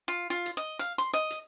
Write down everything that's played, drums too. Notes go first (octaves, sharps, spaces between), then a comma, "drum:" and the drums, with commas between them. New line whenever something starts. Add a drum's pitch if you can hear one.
F4
F4, drum: hi-hat
drum: hi-hat
D#5
F5, drum: hi-hat
C6, drum: hi-hat
D#5, drum: hi-hat
drum: hi-hat